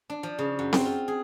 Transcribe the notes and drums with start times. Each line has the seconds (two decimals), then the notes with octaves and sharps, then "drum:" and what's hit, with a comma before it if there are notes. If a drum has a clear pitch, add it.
0.10 D4
0.23 F3
0.38 C#3
0.59 F#2
0.73 C4, drum: snare C4
0.85 F4
1.08 G#4